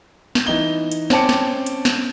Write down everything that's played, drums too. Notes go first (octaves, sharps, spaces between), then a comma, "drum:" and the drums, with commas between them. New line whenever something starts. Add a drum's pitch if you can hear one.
drum: snare
E3 D#4 G7
drum: hi-hat
C4 C#4 G5 A5 D6 C#7, drum: snare
drum: snare
drum: hi-hat
drum: snare